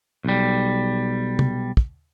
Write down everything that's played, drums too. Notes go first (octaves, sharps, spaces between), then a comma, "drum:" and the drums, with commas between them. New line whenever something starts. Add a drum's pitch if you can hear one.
B1 G3
drum: tom C3
drum: kick